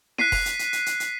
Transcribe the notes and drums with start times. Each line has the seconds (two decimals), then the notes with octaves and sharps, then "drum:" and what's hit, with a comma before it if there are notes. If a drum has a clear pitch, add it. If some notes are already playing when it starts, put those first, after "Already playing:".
0.18 F#6 B6 C7 D#7, drum: snare E4
0.32 drum: kick F1, open hi-hat
0.46 drum: hi-hat
0.59 drum: hi-hat
0.73 drum: hi-hat
0.86 drum: hi-hat
1.00 drum: hi-hat